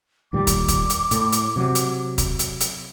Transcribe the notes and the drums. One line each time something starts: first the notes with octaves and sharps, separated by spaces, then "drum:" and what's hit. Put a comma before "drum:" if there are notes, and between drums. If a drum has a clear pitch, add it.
D#2 A#2 G3 D6
drum: kick, hi-hat
drum: kick, hi-hat
drum: hi-hat
A2, drum: hi-hat
drum: hi-hat
C3 F#3
drum: hi-hat
drum: kick, hi-hat
drum: hi-hat
drum: hi-hat